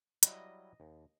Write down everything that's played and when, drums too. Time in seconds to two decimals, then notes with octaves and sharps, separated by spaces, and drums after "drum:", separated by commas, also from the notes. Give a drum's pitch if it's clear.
0.23 F#3 G3 E4 D#5, drum: hi-hat
0.80 D#2